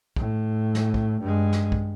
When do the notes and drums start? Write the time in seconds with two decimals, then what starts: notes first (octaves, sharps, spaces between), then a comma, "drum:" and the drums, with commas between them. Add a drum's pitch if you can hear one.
0.16 A2, drum: kick
0.75 drum: snare
0.94 drum: kick
1.22 G2 G#3
1.53 drum: snare
1.72 drum: kick